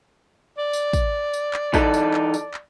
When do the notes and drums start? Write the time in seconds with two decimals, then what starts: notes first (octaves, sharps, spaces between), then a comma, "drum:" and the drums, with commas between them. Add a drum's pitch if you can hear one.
0.58 D5
0.73 drum: tambourine
0.93 drum: kick, tambourine
1.34 drum: tambourine
1.54 drum: clap
1.74 E3 D#4 A4, drum: kick, tambourine
1.94 drum: tambourine
2.14 drum: clap
2.34 drum: tambourine
2.54 drum: clap